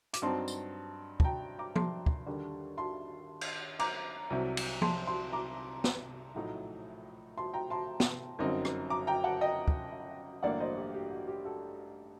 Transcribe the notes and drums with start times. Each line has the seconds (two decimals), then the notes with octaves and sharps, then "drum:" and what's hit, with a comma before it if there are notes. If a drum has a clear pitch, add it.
0.14 D6, drum: hi-hat
0.22 G2 F#3 C4 D#4 A5 C6
0.48 drum: tambourine
1.20 A5, drum: kick
1.24 G5 A#5
1.59 A#5 D6
1.76 A5 C6, drum: tom F3
2.06 drum: kick
2.26 D#2 D3 G3
2.77 A5 C6
3.41 drum: cymbal
3.79 A#5 D6, drum: cymbal
4.30 C2 C3 F#3
4.57 drum: cymbal
4.82 A5 C6, drum: tom F3
5.07 A5 C6
5.32 A#5 D6
5.84 drum: snare
6.35 A#1 A2 F#3 A3 D#4
7.37 A5 C6
7.54 G5 A#5
7.70 A5 C6
8.00 drum: snare
8.39 G1 F#2 F#3 C4 D#4
8.65 drum: rim click
8.90 A#5 D6
9.07 G5 A#5
9.24 F#5 A5
9.41 D#5 G5
9.68 drum: kick
10.43 A1 G2 D3 F#3 A#3 D5 F#5
10.60 C5 D#5
10.77 G4
10.94 G4
11.11 F#4
11.28 G4
11.45 F#4 A4